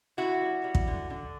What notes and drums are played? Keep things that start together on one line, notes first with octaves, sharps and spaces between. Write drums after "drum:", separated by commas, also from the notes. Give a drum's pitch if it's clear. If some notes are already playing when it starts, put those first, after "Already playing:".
D3 E4 F#4
G3
G3
drum: kick
D3
D3